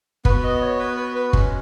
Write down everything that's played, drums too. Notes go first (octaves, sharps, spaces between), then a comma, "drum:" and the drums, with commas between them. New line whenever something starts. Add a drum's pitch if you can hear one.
B3 F#4 B4, drum: kick
D#5
C#5
B4
B4
B4
G#3 C#4 F#4, drum: kick